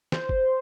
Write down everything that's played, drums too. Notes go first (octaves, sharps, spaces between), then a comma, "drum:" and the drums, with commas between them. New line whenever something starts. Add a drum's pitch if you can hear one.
C5, drum: snare
drum: kick